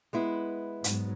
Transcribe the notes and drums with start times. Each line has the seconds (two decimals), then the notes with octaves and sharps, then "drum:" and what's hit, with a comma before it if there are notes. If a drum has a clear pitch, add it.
0.13 G#3 B3 E4
0.84 G#2 F#3 B3, drum: hi-hat